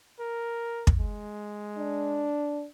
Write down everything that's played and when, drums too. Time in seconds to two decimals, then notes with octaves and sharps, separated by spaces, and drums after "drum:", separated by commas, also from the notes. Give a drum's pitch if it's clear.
0.20 A#4
0.87 drum: kick
0.99 G#3
1.78 D4